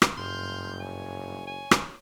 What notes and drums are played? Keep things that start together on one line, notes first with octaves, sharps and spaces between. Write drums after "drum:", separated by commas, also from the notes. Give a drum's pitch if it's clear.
drum: rim click
F#1 G2 C6 F6 G6
C#5 G#5
G#5
drum: rim click